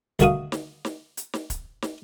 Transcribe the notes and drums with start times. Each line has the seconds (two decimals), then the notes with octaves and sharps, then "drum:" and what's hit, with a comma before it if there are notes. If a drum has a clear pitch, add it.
0.19 D2 D#3 A3 F#4 F5 D#6, drum: kick, hi-hat
0.52 drum: snare
0.85 drum: snare
1.17 drum: hi-hat
1.34 drum: snare
1.50 drum: kick, hi-hat
1.82 drum: snare